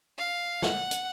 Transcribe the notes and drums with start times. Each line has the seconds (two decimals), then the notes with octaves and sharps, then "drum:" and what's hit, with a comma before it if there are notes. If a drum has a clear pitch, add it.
0.18 F5
0.62 F#5, drum: snare
0.91 drum: hi-hat